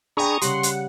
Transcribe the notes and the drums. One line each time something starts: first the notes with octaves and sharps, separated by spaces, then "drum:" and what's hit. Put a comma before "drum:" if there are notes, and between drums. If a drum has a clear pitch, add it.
D4 G#4 G5 A#5 B5 C#6 D#6
C#3 G3 F#5 C6, drum: hi-hat
drum: hi-hat